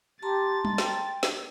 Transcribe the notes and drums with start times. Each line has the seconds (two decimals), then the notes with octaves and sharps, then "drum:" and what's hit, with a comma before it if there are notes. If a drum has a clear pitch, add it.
0.23 G4 A5 A#5 C6 A6
0.65 drum: tom G3
0.78 G5, drum: snare
1.23 drum: snare